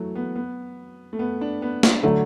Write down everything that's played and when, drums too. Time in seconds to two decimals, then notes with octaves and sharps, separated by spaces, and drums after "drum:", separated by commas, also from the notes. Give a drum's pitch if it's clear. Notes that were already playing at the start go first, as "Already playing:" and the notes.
Already playing: E3 F#3 A3
0.15 B3
0.35 B3
1.13 A3
1.19 B3
1.41 D4
1.62 B3
1.83 D4, drum: snare
2.03 D3 F#3 A3 D4